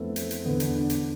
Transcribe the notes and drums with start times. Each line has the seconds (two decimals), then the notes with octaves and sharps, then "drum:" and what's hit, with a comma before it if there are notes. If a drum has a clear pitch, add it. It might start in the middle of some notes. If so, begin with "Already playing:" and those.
Already playing: F2 E3 A3 B3 C4
0.16 drum: hi-hat
0.31 drum: hi-hat
0.45 E2 D3 B3
0.60 D4, drum: hi-hat
0.75 D4
0.90 drum: hi-hat